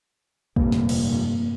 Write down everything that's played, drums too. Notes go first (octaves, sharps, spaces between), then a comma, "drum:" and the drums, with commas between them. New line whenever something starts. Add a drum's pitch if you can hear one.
F1 G2 A#2 A#3, drum: kick
drum: snare
drum: cymbal